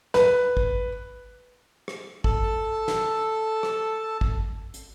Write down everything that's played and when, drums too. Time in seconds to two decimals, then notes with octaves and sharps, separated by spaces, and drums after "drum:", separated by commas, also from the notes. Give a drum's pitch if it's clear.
0.14 B4, drum: snare
0.57 drum: kick
1.88 drum: rim click
2.24 A4 A5, drum: kick
2.88 drum: snare
3.63 drum: rim click
4.21 drum: kick
4.74 drum: hi-hat